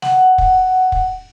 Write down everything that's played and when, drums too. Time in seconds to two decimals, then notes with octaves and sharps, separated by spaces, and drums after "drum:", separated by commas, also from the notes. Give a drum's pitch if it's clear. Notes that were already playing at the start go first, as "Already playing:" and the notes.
0.02 F#5, drum: snare
0.38 drum: kick
0.92 drum: kick